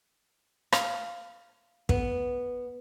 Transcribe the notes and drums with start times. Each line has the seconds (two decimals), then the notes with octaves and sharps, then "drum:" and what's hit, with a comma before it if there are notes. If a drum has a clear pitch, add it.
0.72 F5, drum: rim click
1.89 B3, drum: kick